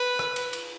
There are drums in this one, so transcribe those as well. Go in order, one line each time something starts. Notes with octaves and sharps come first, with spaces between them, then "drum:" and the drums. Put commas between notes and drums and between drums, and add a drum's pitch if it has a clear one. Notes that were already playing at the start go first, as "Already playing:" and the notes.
Already playing: B4
drum: rim click
drum: cymbal
drum: cymbal